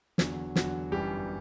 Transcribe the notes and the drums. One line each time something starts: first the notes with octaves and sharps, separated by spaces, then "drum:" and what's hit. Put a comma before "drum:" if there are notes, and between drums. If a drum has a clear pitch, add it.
E2 D3 F#3, drum: snare
E2 D3 F#3 F#4, drum: snare
G1 F#2 E3 G3 G4